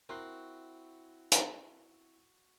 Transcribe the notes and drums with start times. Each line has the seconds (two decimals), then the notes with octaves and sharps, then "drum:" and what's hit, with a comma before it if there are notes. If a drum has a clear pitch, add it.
0.09 C4 E4 F#4 A#4 C6 F#6
1.32 drum: hi-hat